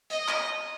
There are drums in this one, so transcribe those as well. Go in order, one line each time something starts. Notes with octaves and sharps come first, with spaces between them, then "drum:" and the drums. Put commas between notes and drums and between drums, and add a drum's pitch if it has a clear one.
D#5, drum: hi-hat
drum: clap